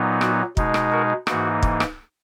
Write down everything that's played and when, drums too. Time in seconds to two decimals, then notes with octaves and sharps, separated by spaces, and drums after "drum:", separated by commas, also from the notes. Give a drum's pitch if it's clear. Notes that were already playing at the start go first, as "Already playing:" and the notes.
Already playing: A#2 F#3 B3 D#4
0.21 F#4, drum: rim click
0.57 B2 G#3 D#4, drum: kick
0.74 drum: rim click
0.92 F#4 A#4
1.27 G#2 E3 A#3 D#4 F#4, drum: rim click
1.63 drum: kick
1.80 drum: rim click